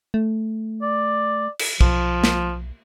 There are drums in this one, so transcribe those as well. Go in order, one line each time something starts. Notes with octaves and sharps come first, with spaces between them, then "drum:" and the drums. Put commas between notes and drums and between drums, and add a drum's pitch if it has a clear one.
A3
D5
drum: cymbal
B1 F3, drum: kick
drum: snare